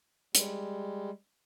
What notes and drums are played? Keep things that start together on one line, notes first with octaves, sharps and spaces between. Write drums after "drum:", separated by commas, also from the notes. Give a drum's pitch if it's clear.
G3 G#3, drum: hi-hat